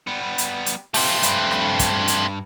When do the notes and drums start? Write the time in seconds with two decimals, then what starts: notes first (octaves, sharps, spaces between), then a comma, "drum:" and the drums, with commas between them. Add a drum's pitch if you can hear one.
0.07 G3 B3
0.38 drum: hi-hat
0.66 drum: hi-hat
0.94 A3 C4 F4 G4, drum: open hi-hat
1.23 G2 B4, drum: hi-hat
1.51 drum: rim click
1.79 drum: kick, hi-hat
2.08 drum: hi-hat